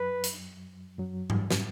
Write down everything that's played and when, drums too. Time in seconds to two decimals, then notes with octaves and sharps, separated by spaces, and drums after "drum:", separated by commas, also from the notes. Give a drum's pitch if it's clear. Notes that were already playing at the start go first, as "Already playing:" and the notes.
Already playing: F#2 F#3 B4
0.24 drum: hi-hat
0.98 F#2 F#3
1.30 G2 G3, drum: tom G#2
1.51 drum: snare